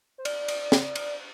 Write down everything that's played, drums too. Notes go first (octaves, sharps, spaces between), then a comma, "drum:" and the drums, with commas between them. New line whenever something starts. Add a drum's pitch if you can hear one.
C5
D5, drum: cymbal
drum: cymbal
drum: snare
drum: cymbal